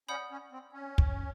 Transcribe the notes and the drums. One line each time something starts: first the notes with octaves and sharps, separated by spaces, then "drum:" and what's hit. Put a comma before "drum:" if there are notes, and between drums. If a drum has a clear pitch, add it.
C#4 D5 F#5 B5 D#6 G6
C#4
C4
C#4
drum: kick